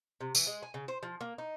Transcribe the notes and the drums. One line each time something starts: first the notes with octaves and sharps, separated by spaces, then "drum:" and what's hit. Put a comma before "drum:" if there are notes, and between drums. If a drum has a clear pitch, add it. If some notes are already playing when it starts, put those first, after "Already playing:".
C3
E3, drum: tambourine
G#3
G#5
C#3
C5
F3
A#3
D#4